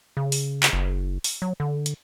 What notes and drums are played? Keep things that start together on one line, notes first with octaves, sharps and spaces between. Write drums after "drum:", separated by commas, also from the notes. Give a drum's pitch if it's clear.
C#3
drum: open hi-hat
drum: clap
F#1
drum: open hi-hat
F#3
D3
drum: hi-hat